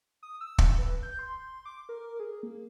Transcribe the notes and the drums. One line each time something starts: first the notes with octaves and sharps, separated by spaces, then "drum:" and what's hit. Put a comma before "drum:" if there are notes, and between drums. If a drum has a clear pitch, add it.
D#6
E6
drum: kick
B4
G6
C6
D6
A#4
G#4
A#3